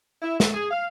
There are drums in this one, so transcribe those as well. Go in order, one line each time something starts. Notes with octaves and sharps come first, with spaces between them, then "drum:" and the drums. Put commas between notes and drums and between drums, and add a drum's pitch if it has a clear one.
E4
A3, drum: snare
G#4
F5